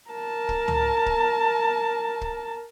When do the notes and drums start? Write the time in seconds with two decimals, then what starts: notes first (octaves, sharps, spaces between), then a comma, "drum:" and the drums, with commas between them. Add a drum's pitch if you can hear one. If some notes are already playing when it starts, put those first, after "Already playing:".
0.10 A#4 A5
0.49 drum: kick
0.68 drum: tom C#2
1.06 drum: kick
2.21 drum: kick